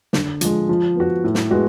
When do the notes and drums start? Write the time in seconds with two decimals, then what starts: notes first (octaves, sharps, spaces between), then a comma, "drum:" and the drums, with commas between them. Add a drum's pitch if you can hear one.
0.13 D3, drum: snare
0.41 F3 G#3, drum: hi-hat
0.69 F3
0.96 B3 F#4
1.24 A2
1.35 drum: snare
1.51 G#3 B3 F#4